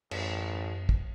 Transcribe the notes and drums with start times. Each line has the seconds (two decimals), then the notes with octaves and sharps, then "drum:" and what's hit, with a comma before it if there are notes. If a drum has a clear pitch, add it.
0.11 A1 F#2, drum: cymbal
0.89 drum: kick